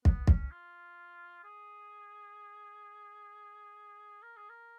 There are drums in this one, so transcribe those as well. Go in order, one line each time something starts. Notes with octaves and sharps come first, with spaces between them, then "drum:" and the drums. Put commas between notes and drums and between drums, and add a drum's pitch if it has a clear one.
B3, drum: kick
C#4, drum: kick
F4
G#4
A#4
G#4
A#4